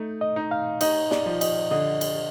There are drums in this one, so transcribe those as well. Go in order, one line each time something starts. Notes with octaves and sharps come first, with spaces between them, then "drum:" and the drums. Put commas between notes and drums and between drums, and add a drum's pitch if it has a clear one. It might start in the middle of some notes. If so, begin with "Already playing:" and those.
Already playing: A3 D#4
D#5
D#4
F5
D#4 D#5, drum: cymbal
D5, drum: snare
F3
D#5, drum: cymbal
D3 D#5
drum: cymbal